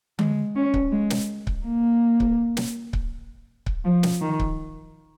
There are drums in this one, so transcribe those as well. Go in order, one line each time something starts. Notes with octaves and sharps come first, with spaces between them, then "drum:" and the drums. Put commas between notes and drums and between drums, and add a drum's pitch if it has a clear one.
G#3, drum: tom D3
C#4
drum: kick C#1
G#3
drum: snare
drum: kick C#1
A#3
drum: kick C#1
drum: snare
drum: kick C#1
drum: kick C#1
F3
drum: snare
D#3
drum: kick C#1